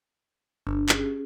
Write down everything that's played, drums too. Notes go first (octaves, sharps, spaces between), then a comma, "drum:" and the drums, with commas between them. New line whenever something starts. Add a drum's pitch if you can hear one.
G1 D4
C#4 G4 G#4, drum: clap